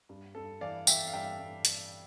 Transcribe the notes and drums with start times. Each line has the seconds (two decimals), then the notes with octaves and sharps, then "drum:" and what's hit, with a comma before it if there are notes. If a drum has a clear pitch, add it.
0.09 G2
0.35 G2 A4
0.61 E3 D5 F5
0.87 E3 E5 G5, drum: tambourine
1.07 F5
1.13 G2 E5 G5
1.40 G2
1.65 drum: hi-hat